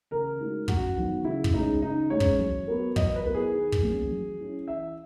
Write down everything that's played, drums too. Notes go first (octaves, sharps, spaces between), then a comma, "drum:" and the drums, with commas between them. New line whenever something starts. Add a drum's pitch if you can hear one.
C#3 A#4
G#3 D#4 F#4
F#2 F#4, drum: kick
D#3 F#3 B3
C#3 E4
drum: kick
G#3 C#4 D#4 G#4
C#3 D#4
G#3 C#4 C#5
drum: kick
F#3
B3 F#4 A#4
F#3 D#5, drum: kick
B4
B3 E4 A#4
G#4
D#3
drum: kick
F#3 A#3 C#4
F#3
C#4 E4
E3 E5